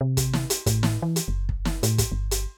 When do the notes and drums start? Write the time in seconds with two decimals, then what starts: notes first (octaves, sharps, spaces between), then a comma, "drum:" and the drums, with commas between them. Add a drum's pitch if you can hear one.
0.01 C3
0.17 drum: kick, hi-hat
0.33 drum: snare
0.50 drum: hi-hat
0.66 A2, drum: kick, hi-hat
0.83 drum: snare
1.02 E3
1.16 drum: hi-hat
1.28 F#1
1.49 drum: kick
1.65 drum: snare
1.83 A2, drum: hi-hat
1.98 drum: kick, hi-hat
2.12 G1
2.31 drum: hi-hat